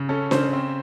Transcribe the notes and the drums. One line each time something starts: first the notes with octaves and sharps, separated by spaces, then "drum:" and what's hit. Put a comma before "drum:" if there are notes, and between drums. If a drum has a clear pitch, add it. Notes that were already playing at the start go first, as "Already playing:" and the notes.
Already playing: C#3
C#4 A4
C#3 C5, drum: snare D4
C4